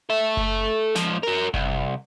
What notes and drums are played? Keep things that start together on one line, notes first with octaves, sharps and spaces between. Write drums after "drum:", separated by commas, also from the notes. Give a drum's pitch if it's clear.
A4 E5
drum: kick F#1
G#2 F3, drum: snare
F#4 A#4
C2, drum: kick F#1